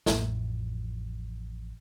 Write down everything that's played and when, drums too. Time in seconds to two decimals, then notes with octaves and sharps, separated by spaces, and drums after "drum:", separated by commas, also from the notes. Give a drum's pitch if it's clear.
0.06 A1 F2, drum: snare